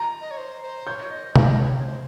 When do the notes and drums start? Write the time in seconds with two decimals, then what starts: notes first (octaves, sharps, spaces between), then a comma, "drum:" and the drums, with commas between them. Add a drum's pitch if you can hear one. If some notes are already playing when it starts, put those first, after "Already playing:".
Already playing: A#5
0.21 D#5
0.31 C#5
0.37 C5
0.62 C5
0.87 C#5 G6
1.11 D#5
1.36 D#5, drum: tom C3
1.60 C#5
1.78 C#5
1.85 C5